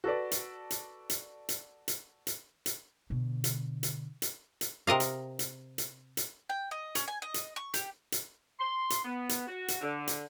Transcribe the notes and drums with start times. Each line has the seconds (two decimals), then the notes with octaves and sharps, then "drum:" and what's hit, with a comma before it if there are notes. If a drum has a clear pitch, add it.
0.04 F#4 A4 B4 D5
0.31 drum: hi-hat
0.71 drum: hi-hat
1.10 drum: hi-hat
1.49 drum: hi-hat
1.88 drum: hi-hat
2.27 drum: hi-hat
2.66 drum: hi-hat
3.10 B2 D3
3.44 drum: hi-hat
3.83 drum: hi-hat
4.22 drum: hi-hat
4.61 drum: hi-hat
4.87 C3 A#4 D#5 F5
5.00 drum: hi-hat
5.39 drum: hi-hat
5.78 drum: hi-hat
6.17 drum: hi-hat
6.49 G5
6.71 D#5
6.95 C#4, drum: hi-hat
7.08 G#5
7.22 D#5
7.34 drum: hi-hat
7.56 C#6
7.74 G4, drum: hi-hat
8.12 drum: hi-hat
8.59 C6
8.90 drum: hi-hat
9.05 B3
9.29 drum: hi-hat
9.47 F#4
9.68 drum: hi-hat
9.81 D3
10.07 drum: hi-hat